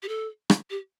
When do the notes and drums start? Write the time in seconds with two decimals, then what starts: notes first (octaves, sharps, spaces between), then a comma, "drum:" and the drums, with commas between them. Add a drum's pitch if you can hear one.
0.03 G4
0.09 A4
0.50 drum: rim click
0.70 G4